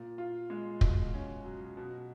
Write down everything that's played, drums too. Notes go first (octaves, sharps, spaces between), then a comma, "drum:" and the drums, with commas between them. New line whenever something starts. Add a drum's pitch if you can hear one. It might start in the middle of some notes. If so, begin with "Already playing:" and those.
Already playing: A#2
F4
G#3
B2, drum: kick
C#4
F#3
B2